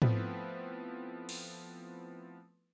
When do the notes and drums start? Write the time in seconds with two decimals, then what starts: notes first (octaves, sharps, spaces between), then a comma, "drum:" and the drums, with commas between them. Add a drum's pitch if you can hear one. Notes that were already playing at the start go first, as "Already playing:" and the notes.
0.02 F3 A3 B3 C4 E4 B4, drum: tom
1.29 drum: cymbal